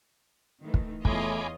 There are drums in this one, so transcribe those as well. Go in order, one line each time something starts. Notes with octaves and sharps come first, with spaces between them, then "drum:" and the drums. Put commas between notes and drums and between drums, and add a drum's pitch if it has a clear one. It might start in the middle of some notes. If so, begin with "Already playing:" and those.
D#3 E3 A3
drum: kick
E2 A3 F4 C#5 D#5 G#5 B5 D6, drum: kick